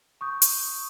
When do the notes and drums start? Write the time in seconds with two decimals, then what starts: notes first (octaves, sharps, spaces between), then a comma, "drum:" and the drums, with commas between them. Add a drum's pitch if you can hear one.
0.21 C#6 D#6 G6
0.42 drum: hi-hat